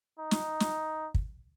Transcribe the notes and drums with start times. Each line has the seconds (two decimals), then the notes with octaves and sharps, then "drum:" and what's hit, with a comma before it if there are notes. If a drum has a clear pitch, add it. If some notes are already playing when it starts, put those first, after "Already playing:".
0.19 D#4
0.31 drum: snare
0.60 drum: snare
1.14 drum: kick